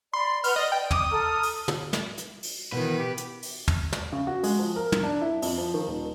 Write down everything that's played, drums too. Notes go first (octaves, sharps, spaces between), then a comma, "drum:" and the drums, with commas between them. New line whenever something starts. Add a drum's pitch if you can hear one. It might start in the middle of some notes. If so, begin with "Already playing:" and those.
D5 B5 C6
B4 F#5 B5 F6, drum: open hi-hat
D5 D#5
G5
D6 D#6, drum: tom
A4 A#5 F6
drum: open hi-hat
drum: tom
drum: snare
drum: hi-hat
drum: open hi-hat
B2 D#3 E3 B4
G4
drum: hi-hat
drum: open hi-hat
drum: tom
drum: snare
C#3
F#4
G#3, drum: open hi-hat
F3
A#4
drum: tom
D4
E4
F2, drum: open hi-hat
F3
D#3
D#1